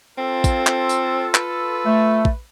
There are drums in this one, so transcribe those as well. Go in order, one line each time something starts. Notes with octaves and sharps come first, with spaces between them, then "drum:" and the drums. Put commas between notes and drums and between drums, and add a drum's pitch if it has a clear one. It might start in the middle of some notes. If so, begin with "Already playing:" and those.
C4 F4 A4
drum: kick, tambourine
drum: clap
drum: tambourine
B4, drum: clap
A3
drum: kick